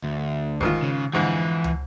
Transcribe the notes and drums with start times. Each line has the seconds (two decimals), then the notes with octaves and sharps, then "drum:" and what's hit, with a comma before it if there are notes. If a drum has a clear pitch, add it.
0.04 D2
0.61 G#2 D#3 F4, drum: kick F1
0.83 C#3
1.14 F2 G#2 D3 E3
1.64 drum: tom